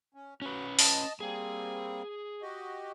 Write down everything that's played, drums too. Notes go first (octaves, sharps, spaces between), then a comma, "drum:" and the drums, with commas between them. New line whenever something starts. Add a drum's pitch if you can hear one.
C#4
C#4 F#4 B4
D#5 A5, drum: open hi-hat
G3 A#3 C4 G#4
F#4 G4 D#5